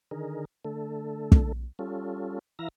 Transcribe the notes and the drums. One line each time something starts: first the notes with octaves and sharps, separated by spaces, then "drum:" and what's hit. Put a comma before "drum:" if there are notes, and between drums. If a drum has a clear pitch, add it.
D3 D#3 G#4 A#4
D3 A3 A4
drum: kick
G3 C#4 F4 A4
E3 E4 E5 F5 A#5 A#6